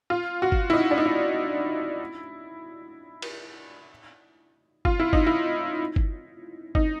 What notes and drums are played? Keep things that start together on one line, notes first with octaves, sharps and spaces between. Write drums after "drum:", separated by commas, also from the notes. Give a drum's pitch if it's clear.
F4
F#4
drum: kick G1
E4
D#4
D4
D#4
E4
drum: cymbal
F4, drum: kick G1
E4
D#4, drum: kick G1
E4
drum: kick G1
D#4, drum: kick G1